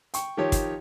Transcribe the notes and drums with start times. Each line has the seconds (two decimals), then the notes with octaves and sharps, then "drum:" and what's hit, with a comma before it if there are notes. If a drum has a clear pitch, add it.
0.14 G5 C#6, drum: hi-hat
0.37 D#3 F3 G4 C#5
0.52 drum: kick, hi-hat